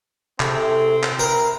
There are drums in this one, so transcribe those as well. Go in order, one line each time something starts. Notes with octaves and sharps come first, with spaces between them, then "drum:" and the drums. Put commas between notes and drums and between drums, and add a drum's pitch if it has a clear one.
A2 C3 C4 G#4, drum: clap
drum: clap
E4 A#4 B4